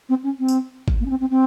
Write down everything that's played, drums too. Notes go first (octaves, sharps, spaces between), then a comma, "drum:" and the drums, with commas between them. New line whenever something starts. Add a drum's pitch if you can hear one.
C4
C#4
C4
drum: tambourine
drum: kick
A#3
C#4
C4
C4
C4